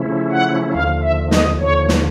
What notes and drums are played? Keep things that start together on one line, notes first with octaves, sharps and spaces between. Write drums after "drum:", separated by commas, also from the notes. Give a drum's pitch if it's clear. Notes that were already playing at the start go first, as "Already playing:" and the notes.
Already playing: C#3 F3 A3 C#4 E4
F#5
D#2 D3 F3 F5
E5
D#5, drum: snare
D#2 D3 F3 C#5
drum: snare